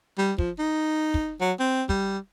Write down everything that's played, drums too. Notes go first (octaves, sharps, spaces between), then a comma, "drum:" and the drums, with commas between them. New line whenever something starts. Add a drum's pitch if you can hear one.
G3
F3, drum: kick
D#4
drum: kick
F#3
C4
G3, drum: kick